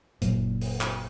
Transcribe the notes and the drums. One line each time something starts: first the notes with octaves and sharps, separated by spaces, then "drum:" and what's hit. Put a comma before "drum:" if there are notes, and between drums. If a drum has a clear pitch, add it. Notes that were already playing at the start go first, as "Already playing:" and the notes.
F#1 F#2 A#2, drum: hi-hat
drum: open hi-hat
drum: clap